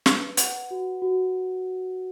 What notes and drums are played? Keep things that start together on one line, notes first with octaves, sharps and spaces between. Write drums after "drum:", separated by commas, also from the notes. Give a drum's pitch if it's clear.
B4, drum: snare
F#5, drum: hi-hat
F#4
F#4